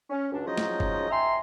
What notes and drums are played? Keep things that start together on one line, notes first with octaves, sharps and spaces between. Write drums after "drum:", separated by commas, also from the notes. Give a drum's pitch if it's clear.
C#4
C#2 F#2 D4
F3 F#3 G#3 C#4 D#4 D#5
drum: snare
drum: kick F#1
E5 G5 G#5 A#5 C6